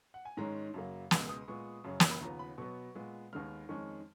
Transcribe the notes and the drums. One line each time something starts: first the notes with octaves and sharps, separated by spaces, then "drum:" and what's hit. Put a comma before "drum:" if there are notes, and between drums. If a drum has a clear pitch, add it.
F#5
G#5
G#2 D#3 G#3 C#4 A#5
F#2 C#3 F#3 A#3
C#2 B2 G#3 B5, drum: snare
D#6
A#2 G#3 B3 C#6
F#2 C#3 F#3 C#4
drum: snare
B5
D#2 C#3 F3 B3 A#5
B5
B2 F#3 B3 C#6
A#2 G#3 B3
D#2 D#3 G#3 B3 F6
F2 D#3 G#3 C#4 C#6